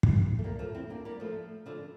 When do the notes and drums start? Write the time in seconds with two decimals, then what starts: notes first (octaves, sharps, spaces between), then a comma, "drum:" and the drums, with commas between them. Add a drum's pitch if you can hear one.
0.03 drum: kick
0.39 A3
0.44 G3 A#3
0.59 F3 A3
0.75 C4 E4
0.90 A#3 D4
1.05 G3 A#3
1.20 F3 A3
1.66 D3 F3